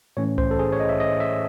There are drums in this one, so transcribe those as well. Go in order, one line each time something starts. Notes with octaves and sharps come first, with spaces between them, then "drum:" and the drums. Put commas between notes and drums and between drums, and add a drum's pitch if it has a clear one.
A2 E3 A3 C#4 C#5
C5, drum: tom C2
A4
G#4
C#5
D#5
E5
D#5
E5